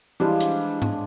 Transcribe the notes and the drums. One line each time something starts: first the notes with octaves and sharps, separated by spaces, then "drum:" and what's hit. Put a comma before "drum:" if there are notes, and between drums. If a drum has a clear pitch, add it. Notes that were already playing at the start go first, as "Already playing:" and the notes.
E3 F3 G3 G#3 D4
drum: hi-hat
drum: tom G#2